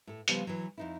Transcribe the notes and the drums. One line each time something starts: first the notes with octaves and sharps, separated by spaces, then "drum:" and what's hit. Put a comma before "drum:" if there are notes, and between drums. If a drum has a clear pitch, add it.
A2 A4
C#3 F3 G3 B3 F4 C5, drum: hi-hat
E3 F#3
F2 D#4 E4